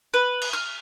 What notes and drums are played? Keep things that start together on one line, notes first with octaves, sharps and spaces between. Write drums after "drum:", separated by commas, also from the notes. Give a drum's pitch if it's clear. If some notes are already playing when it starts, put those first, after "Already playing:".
B4
drum: cymbal
F6